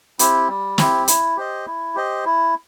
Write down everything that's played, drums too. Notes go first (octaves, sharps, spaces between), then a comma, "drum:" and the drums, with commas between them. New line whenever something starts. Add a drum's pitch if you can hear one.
C4 E4 G4, drum: hi-hat
G3
C4 E4 G4, drum: snare
E4, drum: hi-hat
G4 C5 D#5
E4
G4 C5 D#5
E4